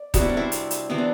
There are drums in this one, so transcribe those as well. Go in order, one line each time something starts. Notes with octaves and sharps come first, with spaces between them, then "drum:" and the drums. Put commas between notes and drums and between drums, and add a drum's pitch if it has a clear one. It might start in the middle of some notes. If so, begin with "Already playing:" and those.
Already playing: D5
C3 G3 B3 F#4, drum: kick D#1, hi-hat
E4
D4
C4 E4
drum: hi-hat
drum: hi-hat
C3 E3 B3 C4
D4